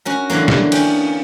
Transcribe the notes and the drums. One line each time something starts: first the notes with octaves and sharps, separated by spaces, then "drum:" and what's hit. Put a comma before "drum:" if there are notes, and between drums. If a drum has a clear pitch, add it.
C#4 F#4 A#4
D3 E3 F#3 A#3
drum: snare
C#4 G5, drum: cymbal